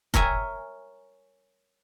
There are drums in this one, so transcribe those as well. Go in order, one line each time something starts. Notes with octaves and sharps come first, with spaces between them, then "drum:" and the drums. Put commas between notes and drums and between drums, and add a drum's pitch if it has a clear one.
A#4 C#5 E5 G#5, drum: kick